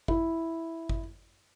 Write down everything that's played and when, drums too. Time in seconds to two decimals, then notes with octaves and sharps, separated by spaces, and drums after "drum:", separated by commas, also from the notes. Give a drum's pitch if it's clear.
0.08 E4, drum: kick G1
0.89 drum: kick G1